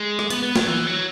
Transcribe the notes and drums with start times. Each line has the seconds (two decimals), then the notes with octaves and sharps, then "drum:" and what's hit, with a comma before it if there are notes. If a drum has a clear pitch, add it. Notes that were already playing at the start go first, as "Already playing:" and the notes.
Already playing: G#3
0.19 drum: rim click
0.30 B3, drum: hi-hat
0.43 B3
0.56 F#3, drum: snare
0.67 E3
0.87 F#3